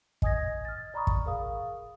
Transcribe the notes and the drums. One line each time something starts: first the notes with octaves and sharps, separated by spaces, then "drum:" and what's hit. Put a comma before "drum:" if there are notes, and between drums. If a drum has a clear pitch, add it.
D#5 G#5 D#6 G#6 A#6, drum: kick
F6 A6
D5 A#5 B5 C#6 D#6
drum: kick
G#4 A#4 F5 D#6